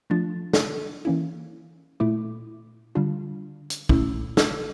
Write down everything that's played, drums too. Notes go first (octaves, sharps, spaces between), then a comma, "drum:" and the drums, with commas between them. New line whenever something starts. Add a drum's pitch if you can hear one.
F3 A3 D4 F4 A6
drum: snare
E3 A#3 C#4 E4
A#2 A3 E4 D6
D3 G3 D4 F4
drum: hi-hat
A#2 A3 C#4 E4 E6, drum: kick
E6, drum: snare